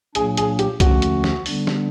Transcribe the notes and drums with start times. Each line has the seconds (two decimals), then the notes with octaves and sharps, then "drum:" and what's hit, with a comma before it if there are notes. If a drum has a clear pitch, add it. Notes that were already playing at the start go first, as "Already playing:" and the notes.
0.15 A#2 F#3 A#3 D4 G#4, drum: hi-hat
0.37 G#4, drum: hi-hat
0.59 G4, drum: hi-hat
0.80 D#2 D3 F3 A3 C#4 F#4, drum: kick C2, hi-hat
1.02 drum: hi-hat
1.24 drum: snare
1.46 D3 G3 B3 D4, drum: open hi-hat
1.67 drum: snare